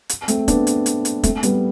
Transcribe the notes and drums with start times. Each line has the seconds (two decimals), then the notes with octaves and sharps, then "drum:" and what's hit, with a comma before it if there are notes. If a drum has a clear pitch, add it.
0.09 drum: hi-hat
0.28 A3 C4, drum: hi-hat
0.48 B3 D4, drum: kick, hi-hat
0.67 drum: hi-hat
0.86 drum: hi-hat
1.05 drum: hi-hat
1.23 A3 C4, drum: kick, hi-hat
1.43 G3 B3, drum: hi-hat